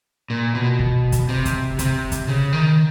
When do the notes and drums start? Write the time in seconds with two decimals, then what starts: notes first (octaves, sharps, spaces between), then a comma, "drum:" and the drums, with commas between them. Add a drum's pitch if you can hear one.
0.30 A#2
0.55 B2
0.79 drum: kick
1.12 drum: kick, hi-hat
1.29 C3
1.45 drum: kick, hi-hat
1.79 C3, drum: kick, hi-hat
2.12 drum: kick, hi-hat
2.28 C#3
2.53 D#3